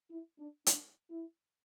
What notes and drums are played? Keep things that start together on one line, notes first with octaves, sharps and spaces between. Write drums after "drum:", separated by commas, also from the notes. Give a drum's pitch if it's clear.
E4
D4
D4, drum: hi-hat
E4